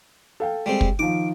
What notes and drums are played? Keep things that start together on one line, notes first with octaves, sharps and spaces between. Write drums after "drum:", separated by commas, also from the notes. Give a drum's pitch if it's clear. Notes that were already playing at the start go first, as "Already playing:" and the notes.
A4 F5 G5
G3 G#3 C4
drum: kick
D#3 F3 D6